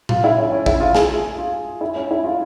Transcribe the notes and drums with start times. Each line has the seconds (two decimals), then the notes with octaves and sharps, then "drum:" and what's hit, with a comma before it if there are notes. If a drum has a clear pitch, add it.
0.09 F4, drum: tom A2
0.24 E4
0.38 C#4
0.52 C#4
0.66 E4, drum: kick
0.80 F4
0.95 G#4, drum: snare
1.38 F4
1.81 E4
1.96 C#4
2.11 E4
2.24 F4